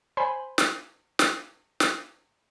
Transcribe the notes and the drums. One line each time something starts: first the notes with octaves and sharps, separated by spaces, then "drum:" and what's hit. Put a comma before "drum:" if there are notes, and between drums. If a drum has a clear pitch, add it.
C5 G#5 B5 C6
drum: snare
drum: snare
drum: snare